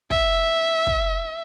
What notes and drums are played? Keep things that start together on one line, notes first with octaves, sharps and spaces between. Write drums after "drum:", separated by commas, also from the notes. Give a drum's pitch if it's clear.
E5, drum: kick
drum: kick